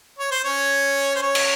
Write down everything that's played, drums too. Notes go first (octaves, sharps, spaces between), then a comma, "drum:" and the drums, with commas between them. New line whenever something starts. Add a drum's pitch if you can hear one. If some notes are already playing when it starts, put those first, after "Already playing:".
C#5
C5
C#4 C#5
C5
C#4 C#5
drum: cymbal